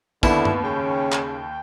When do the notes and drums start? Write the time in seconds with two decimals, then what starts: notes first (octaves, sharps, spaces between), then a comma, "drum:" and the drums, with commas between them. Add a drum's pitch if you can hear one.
0.23 D#2 D3 B3 E4 B5, drum: kick, tambourine
0.45 drum: tom G2
0.64 C#3 C#4 G5
1.12 drum: clap